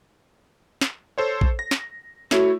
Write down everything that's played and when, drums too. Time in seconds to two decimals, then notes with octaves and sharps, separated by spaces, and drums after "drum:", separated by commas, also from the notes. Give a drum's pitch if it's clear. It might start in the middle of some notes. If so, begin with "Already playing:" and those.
0.81 drum: snare
1.18 A4 C5 C#5
1.41 drum: kick
1.59 A#6
1.71 drum: snare
2.31 A3 E4 F#4 C#5, drum: snare